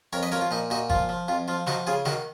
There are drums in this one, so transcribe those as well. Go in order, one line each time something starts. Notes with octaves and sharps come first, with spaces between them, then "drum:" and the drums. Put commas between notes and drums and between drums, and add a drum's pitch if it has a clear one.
F2 A#4 C#5
B4 D#5
F3 A#4 C#5
F4
A#2 D#4
A#2 D#4 F#4
F3 F4, drum: kick
F3
F2 F4
F3 F4
F3 D#4 F#4, drum: snare
C#3 F4 G#4
D#3 D#4 F#4, drum: snare